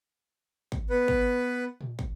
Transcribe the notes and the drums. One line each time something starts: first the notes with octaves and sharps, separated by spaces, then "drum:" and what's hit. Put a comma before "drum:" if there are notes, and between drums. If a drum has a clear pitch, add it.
drum: kick
B3 B4
drum: kick
drum: tom A#2
drum: kick